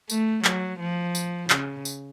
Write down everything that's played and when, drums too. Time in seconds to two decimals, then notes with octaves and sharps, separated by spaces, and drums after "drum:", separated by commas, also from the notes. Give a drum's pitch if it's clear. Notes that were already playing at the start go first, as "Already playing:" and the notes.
0.10 A3, drum: tambourine
0.45 F#3, drum: clap
0.80 F3
1.15 drum: tambourine
1.50 C#3, drum: clap
1.85 drum: tambourine